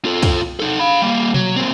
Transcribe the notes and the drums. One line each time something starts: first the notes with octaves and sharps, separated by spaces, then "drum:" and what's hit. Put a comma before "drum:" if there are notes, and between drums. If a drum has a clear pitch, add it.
F4 A4
drum: kick, cymbal
D#4 A4
F5 B5
G3 A#3
F#3, drum: tom B2
A#2 C4